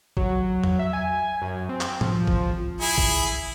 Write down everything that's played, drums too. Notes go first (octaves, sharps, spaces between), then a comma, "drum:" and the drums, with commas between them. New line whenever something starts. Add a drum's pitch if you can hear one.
F#3, drum: kick
drum: tom E2
E5
G#5
F#2
C4
drum: clap
F3, drum: tom A2
drum: kick
E4 G#4
drum: kick